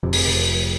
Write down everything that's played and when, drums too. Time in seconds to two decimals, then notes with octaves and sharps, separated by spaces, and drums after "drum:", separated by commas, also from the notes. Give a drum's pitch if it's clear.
0.03 F1 F2 C3
0.13 drum: open hi-hat